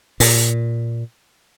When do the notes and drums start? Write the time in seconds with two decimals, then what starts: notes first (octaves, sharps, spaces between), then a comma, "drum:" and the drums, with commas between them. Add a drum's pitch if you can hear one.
0.20 A#2, drum: open hi-hat